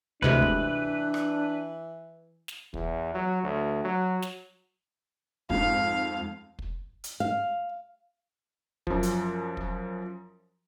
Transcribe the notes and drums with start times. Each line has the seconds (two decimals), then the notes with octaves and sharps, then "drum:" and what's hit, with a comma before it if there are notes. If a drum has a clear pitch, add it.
0.22 D2 C3 E3 G#3 D4 B4, drum: tom C#2
0.42 drum: kick
1.14 drum: rim click
2.48 drum: snare
2.74 E2, drum: kick
3.14 F#3
3.43 D2
3.84 F#3
4.22 drum: snare
5.50 F2 G#2 F5, drum: kick
6.59 drum: kick
7.04 drum: hi-hat
7.20 F5
8.87 F#2 F3, drum: kick
9.03 drum: hi-hat
9.57 drum: kick